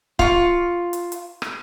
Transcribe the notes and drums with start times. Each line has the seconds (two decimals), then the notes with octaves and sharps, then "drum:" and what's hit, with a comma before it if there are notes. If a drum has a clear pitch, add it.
0.19 F4 C#6, drum: kick C#1
0.93 drum: hi-hat
1.12 drum: hi-hat
1.42 drum: rim click